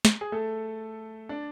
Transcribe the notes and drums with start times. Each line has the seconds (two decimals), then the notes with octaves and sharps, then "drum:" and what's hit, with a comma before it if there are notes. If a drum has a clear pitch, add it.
0.05 drum: snare
0.21 G#4
0.32 A3 A4
1.29 D4 D5